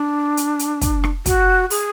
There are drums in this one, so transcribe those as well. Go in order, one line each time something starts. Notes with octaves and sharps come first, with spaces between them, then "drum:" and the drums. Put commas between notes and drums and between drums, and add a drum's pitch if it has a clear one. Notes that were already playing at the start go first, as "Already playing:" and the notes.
Already playing: D4
drum: hi-hat
drum: hi-hat
drum: kick, hi-hat
drum: rim click
F#4, drum: kick, hi-hat
G#4, drum: open hi-hat